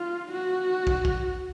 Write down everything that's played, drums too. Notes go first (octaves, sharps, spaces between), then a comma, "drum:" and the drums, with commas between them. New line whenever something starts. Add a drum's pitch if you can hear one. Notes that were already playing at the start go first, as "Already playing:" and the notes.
Already playing: F4
F#4
drum: kick
drum: kick